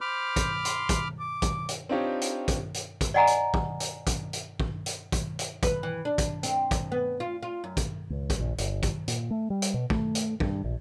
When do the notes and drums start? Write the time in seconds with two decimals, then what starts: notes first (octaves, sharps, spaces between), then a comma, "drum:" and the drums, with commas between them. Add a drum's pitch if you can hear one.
0.01 C5 B5 D6 F6
0.36 drum: kick, hi-hat
0.65 C6, drum: hi-hat
0.89 drum: kick, hi-hat
1.20 D6
1.42 drum: kick, hi-hat
1.69 drum: hi-hat
1.89 C4 D4 D#4 F4 G4 C#5
2.22 drum: hi-hat
2.48 drum: kick, hi-hat
2.74 drum: hi-hat
3.01 drum: kick, hi-hat
3.14 D5 D#5 F#5 G#5 A#5
3.27 drum: hi-hat
3.54 drum: kick
3.80 drum: hi-hat
4.07 drum: kick, hi-hat
4.33 drum: hi-hat
4.60 drum: kick
4.86 drum: hi-hat
5.12 drum: kick, hi-hat
5.39 drum: hi-hat
5.63 B4, drum: kick, hi-hat
5.83 E3
6.05 D4
6.18 drum: kick, hi-hat
6.43 C4, drum: hi-hat
6.71 drum: kick, hi-hat
6.92 B3
7.20 F4
7.43 F4
7.64 F#2
7.77 drum: kick, hi-hat
8.10 C#2
8.30 drum: kick, hi-hat
8.40 A#1
8.58 G1, drum: hi-hat
8.83 drum: kick, hi-hat
9.08 A#2, drum: hi-hat
9.31 A3
9.50 G3
9.62 drum: hi-hat
9.74 B2
9.90 A3, drum: kick
10.15 drum: hi-hat
10.40 G2, drum: kick
10.64 A#1